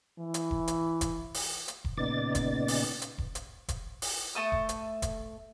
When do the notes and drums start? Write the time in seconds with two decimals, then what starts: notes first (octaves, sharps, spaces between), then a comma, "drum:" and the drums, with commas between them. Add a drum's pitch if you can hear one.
0.19 E3
0.34 drum: hi-hat
0.51 drum: kick E1
0.68 drum: hi-hat
1.01 drum: kick E1, hi-hat
1.34 drum: open hi-hat
1.68 drum: hi-hat
1.85 drum: kick E1
1.98 A#2 C#3 B3 D#4 D5 A6
2.35 drum: kick E1, hi-hat
2.68 drum: open hi-hat
3.02 drum: hi-hat
3.18 drum: kick E1
3.35 drum: hi-hat
3.68 drum: kick E1, hi-hat
4.02 drum: open hi-hat
4.35 A3 A5 D#6
4.52 drum: kick E1
4.69 drum: hi-hat
5.02 drum: kick E1, hi-hat